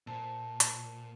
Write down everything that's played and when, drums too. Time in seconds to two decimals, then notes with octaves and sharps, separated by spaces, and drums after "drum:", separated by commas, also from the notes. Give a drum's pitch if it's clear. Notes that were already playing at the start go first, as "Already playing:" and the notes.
0.07 A#2 A4 C5 A#5
0.60 drum: hi-hat